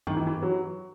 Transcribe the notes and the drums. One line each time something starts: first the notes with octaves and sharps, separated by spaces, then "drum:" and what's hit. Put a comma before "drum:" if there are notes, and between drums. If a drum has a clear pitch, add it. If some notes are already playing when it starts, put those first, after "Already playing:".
D#3, drum: tom G2
E3
E3
F#3